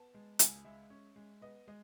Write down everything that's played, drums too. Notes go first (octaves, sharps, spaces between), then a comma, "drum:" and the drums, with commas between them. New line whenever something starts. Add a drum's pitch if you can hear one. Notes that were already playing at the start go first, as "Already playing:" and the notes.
Already playing: B3 A5
G#3
C#2 G#5, drum: hi-hat
G#3 E5
C#4
G#3
B3 D#5
G#3 D#5